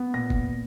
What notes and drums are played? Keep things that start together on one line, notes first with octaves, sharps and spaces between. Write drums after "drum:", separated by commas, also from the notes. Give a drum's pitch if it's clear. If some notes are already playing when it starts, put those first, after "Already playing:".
Already playing: B3
A#2 A#6
drum: kick